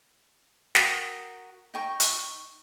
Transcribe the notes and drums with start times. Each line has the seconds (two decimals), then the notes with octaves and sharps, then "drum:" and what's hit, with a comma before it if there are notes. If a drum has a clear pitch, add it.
0.75 F#4 A#4 G5 D#6, drum: snare
1.74 D#4 G5 C#6
2.00 drum: hi-hat